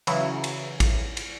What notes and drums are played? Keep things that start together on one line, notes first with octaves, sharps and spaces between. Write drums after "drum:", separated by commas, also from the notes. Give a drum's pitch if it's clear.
C#3 E3 F#3 E4, drum: cymbal
drum: cymbal
drum: kick, cymbal
drum: cymbal